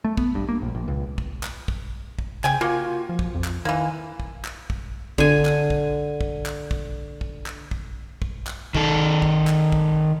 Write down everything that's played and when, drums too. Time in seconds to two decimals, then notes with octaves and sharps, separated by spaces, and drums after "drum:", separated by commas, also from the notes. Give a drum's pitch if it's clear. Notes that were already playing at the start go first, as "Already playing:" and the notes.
0.05 A3
0.17 B3, drum: kick
0.35 G2
0.49 A#3
0.62 A#1
0.75 A#1
0.88 C#2
1.18 drum: kick
1.43 drum: clap
1.68 drum: kick
2.19 drum: kick
2.44 C#3 G5 G#5, drum: clap
2.61 A#3 F4 F#4
3.09 F3
3.19 drum: kick
3.35 F2
3.44 drum: clap
3.65 D#3 E3 A#3
4.20 drum: kick
4.45 drum: clap
4.70 drum: kick
5.18 D3 G#5, drum: kick
5.45 drum: clap
5.70 drum: kick
6.21 drum: kick
6.46 drum: clap
6.71 drum: kick
7.21 drum: kick
7.46 drum: clap
7.71 drum: kick
8.22 drum: kick
8.47 drum: clap
8.75 D#3 A4, drum: kick
9.22 drum: kick
9.47 drum: clap
9.72 drum: kick